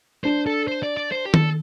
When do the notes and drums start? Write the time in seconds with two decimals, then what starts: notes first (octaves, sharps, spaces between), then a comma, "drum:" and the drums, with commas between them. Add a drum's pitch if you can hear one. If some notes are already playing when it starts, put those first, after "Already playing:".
0.24 D4 C5
0.47 A4
0.68 C5
0.83 D5
0.97 D5
1.12 C5
1.26 G4
1.34 A4, drum: tom D#3